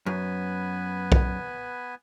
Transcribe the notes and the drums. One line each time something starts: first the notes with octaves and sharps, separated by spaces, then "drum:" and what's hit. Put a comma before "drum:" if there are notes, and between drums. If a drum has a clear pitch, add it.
F#2 B3 B4 G#5
drum: kick